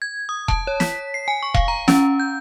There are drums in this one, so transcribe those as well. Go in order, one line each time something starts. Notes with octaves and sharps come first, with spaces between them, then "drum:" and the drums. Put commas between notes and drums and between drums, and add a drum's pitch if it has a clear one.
G#6
D#6
A5, drum: kick E1
C#5
B6, drum: snare
C7
G#5
C#6
F5, drum: kick E1
A#5
C#4, drum: snare
G6